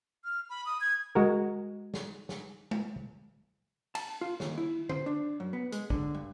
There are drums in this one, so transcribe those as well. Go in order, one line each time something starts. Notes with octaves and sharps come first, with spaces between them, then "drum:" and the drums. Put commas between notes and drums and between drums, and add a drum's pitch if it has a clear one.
F6
B5
D#6
G#6
G#3 F#4 A#4
drum: snare
drum: snare
drum: tom G#3
A5, drum: cymbal
F4
D#2, drum: snare
E4
C5, drum: tom
D4
F#2
B3
G#3, drum: hi-hat
D3, drum: kick
G2